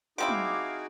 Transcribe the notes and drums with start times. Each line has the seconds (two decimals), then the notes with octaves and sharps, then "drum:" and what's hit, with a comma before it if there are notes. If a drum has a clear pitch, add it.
0.18 F3 C4 D#4 E4 F#4 G#4 F5 D6
0.29 drum: tom